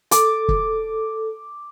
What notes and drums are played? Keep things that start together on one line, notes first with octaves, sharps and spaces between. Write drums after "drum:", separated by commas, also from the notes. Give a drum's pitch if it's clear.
A4 D6, drum: hi-hat
drum: kick